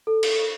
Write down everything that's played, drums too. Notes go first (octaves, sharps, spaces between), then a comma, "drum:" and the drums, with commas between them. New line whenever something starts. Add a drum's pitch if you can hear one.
A4
drum: cymbal